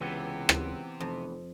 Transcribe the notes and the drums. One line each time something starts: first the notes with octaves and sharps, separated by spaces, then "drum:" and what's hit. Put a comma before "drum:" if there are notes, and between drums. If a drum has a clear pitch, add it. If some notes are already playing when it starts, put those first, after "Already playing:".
C#2 C3 E3 B3 G4
drum: rim click
F1 F2